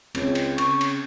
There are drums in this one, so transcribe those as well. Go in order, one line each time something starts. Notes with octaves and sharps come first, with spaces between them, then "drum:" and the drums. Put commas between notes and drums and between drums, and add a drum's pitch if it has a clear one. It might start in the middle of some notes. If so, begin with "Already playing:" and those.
C#2 C4 C#4, drum: cymbal
drum: cymbal
C#3 C#6, drum: cymbal
drum: cymbal